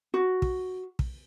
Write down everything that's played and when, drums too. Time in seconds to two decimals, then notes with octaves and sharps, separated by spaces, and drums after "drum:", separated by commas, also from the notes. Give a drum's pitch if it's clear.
0.14 F#4
0.42 drum: kick
0.99 drum: kick